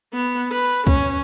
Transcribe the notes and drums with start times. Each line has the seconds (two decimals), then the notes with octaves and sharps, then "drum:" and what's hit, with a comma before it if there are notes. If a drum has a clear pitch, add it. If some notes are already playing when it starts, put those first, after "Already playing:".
0.13 B3
0.51 B4
0.87 C#4, drum: kick C#2